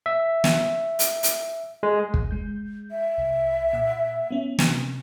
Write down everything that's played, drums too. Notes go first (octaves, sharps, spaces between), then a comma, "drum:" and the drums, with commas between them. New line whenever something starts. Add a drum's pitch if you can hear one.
E5
drum: snare
drum: hi-hat
drum: hi-hat
G#3
drum: kick
G#3 G6
E5
C2
A#2 F#5 E6
B3 C#4
C3, drum: snare